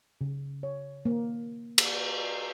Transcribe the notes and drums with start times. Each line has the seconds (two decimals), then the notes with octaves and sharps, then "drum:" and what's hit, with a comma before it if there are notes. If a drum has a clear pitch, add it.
0.21 C#3
0.63 C#5
1.05 A#3
1.78 drum: cymbal